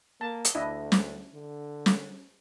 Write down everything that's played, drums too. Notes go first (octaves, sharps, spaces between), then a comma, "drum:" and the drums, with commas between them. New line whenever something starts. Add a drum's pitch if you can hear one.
A#3 A5
drum: hi-hat
D2 D4 E4 D#5
drum: snare
D3
drum: snare